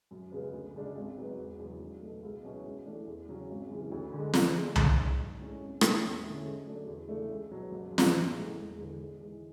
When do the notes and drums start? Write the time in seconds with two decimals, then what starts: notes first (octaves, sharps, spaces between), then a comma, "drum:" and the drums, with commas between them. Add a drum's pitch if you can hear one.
0.11 F#2
0.32 C#3 G#3 B3
0.52 D2
0.75 C#3 G#3 D4
0.96 G#1
1.17 G#2 F#3 B3
1.37 E1
1.59 E2 C#3 F#3
1.80 B1
2.00 B2 F#3 A3
2.23 C#2
2.43 B2 F#3 C#4 E4
2.65 G#2
2.86 E3 A3 D4
3.07 E2
3.27 C#3 F#3 C#4
3.50 G#1
3.70 F#2 C#3 E3
3.92 D2
4.12 D3
4.17 G#3
4.33 D2, drum: snare
4.55 C#3 G#3 D4
4.76 G#2, drum: tom C2
4.98 G#3 D4
5.18 B1
5.39 A2 G#3 C#4
5.60 G#1
5.81 G#2 E3 A3 C#4, drum: rim click
6.03 E2
6.24 D3 A3 C#4 E4
6.45 G#2
6.66 F#3 A3 D4
6.87 E2
7.08 C#3 E3 A3 D4
7.30 C#2
7.51 B2 F#3
7.71 F#1
7.92 F#2
7.98 C#3, drum: snare
8.14 A1
8.36 A2 G#3
8.57 E1
8.77 E2 D3
8.98 G#2
9.19 E3 G#3